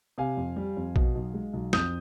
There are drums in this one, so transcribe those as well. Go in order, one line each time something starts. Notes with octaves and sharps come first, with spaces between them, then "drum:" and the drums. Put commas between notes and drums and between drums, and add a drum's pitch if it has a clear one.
C3 F5 G#5
F2
G3
F2
B2, drum: kick A#1
B1
G#3
B1
F2 D#6 G6, drum: snare